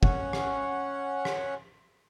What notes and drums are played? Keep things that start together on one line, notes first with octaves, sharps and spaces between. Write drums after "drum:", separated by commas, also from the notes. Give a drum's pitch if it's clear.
C#4 C#5 F#5, drum: kick
drum: rim click
drum: rim click